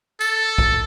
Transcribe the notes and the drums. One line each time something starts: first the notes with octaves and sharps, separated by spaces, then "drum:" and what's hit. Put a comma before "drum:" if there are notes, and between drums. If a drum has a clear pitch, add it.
A4, drum: tambourine
drum: kick B1